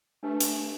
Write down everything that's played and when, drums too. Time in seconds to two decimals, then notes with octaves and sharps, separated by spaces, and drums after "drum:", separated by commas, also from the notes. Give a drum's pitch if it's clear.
0.23 A3 D4 G4 B4
0.40 drum: hi-hat